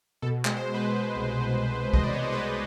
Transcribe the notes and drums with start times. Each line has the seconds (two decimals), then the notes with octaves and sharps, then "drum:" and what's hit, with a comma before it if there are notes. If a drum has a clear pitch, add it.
0.22 B2 A4
0.45 G#3, drum: clap
0.56 C5
0.68 B2
0.74 B4
0.92 B2
1.15 C2
1.39 G#3
1.62 C2
1.85 B2
1.93 D#5, drum: kick
2.03 D5
2.09 C2 C#5
2.23 C5
2.32 G#3 B4